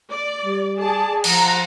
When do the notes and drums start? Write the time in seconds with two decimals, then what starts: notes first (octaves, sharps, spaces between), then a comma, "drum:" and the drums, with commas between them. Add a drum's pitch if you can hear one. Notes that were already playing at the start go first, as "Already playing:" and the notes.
0.10 D5
0.42 G3
0.77 G#4 D5 A5
1.24 F3 F#5 A#5, drum: cymbal